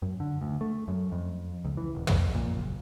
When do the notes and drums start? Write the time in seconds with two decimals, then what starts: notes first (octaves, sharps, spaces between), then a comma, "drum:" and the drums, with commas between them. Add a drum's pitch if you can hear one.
0.02 F#2
0.20 D3
0.41 D2
0.61 A3
0.88 F#2
1.12 F2
1.64 C#2
1.77 E3
1.95 D#1
2.07 F2, drum: tom
2.35 A#2
2.55 F#1